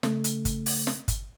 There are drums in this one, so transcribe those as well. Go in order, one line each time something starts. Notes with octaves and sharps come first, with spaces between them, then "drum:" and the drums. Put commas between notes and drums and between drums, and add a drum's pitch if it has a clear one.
C#3 A3, drum: snare
drum: hi-hat
drum: kick, hi-hat
drum: open hi-hat
drum: snare
drum: kick, hi-hat